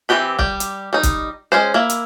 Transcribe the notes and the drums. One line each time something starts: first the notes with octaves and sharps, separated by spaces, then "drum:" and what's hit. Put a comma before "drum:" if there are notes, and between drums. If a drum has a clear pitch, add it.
E3 F3 C4 G4 B5
G3 G4, drum: kick
drum: hi-hat
G3 D#4
drum: kick, hi-hat
G#3 A3 C#4 C5
A#3 E4
drum: hi-hat